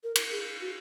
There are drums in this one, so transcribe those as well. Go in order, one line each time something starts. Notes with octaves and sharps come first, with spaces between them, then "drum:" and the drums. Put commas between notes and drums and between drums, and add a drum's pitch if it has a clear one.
A#4
drum: cymbal
G#4
F#4